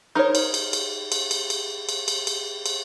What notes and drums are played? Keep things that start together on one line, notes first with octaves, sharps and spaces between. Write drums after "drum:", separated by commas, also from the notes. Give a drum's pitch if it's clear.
D#4 A#4 C5 C#5
drum: cymbal
drum: cymbal
drum: cymbal
drum: cymbal
drum: cymbal
drum: cymbal
drum: cymbal
drum: cymbal
drum: cymbal
drum: cymbal